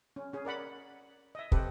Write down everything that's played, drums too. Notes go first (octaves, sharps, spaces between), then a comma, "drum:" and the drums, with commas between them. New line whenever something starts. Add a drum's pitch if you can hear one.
C#4
C#4 G#4
A#4 D5 F#5 B5
D#5 E5
C4 G4 A4 B4, drum: kick